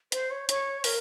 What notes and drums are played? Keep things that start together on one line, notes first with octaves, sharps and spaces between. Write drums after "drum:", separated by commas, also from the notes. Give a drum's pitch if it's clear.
C5, drum: hi-hat
C#5
C#5, drum: hi-hat
A#4, drum: open hi-hat